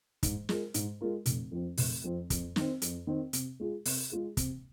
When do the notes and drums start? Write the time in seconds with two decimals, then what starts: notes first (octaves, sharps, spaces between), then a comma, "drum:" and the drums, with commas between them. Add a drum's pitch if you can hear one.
0.23 G#2, drum: kick, hi-hat
0.49 G#3 F4 A#4, drum: snare
0.74 G#2, drum: hi-hat
1.01 G#3 F4 A#4
1.26 F1, drum: hi-hat
1.51 F2 F3 C4
1.77 F1, drum: open hi-hat
2.04 F2 F3 C4
2.30 F2, drum: kick, hi-hat
2.56 D#3 C4, drum: snare
2.82 F2, drum: hi-hat
3.07 D#3 C4
3.33 C3, drum: hi-hat
3.60 G#3 F4 G#4
3.85 C3, drum: open hi-hat
4.12 G#3 F4 G#4
4.37 C3, drum: kick, hi-hat